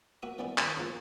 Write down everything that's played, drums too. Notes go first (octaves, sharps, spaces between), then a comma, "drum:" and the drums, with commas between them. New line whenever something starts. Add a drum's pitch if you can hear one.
A#3 F#4 E5 D#6
E3 G3 A#3 B3 C#4 E4
D#3 C#4, drum: clap
C#3 F3 A#3